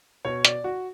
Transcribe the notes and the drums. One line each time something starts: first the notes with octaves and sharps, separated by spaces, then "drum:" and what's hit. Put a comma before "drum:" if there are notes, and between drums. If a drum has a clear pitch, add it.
B2 C#5
D5, drum: hi-hat
F#4